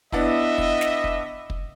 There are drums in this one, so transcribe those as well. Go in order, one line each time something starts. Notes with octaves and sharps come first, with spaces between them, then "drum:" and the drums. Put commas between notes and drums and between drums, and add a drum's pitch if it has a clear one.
B3 D4 E4 D#5 E5, drum: kick
drum: kick
drum: snare
drum: kick
drum: kick